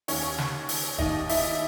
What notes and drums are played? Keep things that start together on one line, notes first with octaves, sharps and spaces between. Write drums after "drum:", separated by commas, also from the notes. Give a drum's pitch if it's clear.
D#2 D#3 C#4 C#5, drum: open hi-hat
drum: snare
drum: open hi-hat
D#2 D#3 D#4 D#5, drum: kick
E4 E5, drum: open hi-hat